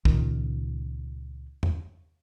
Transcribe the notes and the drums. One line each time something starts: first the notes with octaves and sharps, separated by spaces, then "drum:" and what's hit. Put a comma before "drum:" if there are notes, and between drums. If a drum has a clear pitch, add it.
C#2 A#2 D#3, drum: kick
drum: tom E2